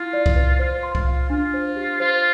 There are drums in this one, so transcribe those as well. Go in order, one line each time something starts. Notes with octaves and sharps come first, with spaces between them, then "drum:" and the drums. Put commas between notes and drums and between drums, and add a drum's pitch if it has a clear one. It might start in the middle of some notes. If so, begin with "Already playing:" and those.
Already playing: E4 F4
D5
drum: kick C2
B4
F4 C5
C6
F4, drum: kick C2
F5
D4 F4
C5
G4
F4 C5